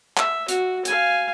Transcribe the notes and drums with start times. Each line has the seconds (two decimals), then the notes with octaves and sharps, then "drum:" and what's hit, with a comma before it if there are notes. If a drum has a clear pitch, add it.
0.17 E5, drum: clap
0.48 F#4, drum: hi-hat
0.85 F5 G#5, drum: hi-hat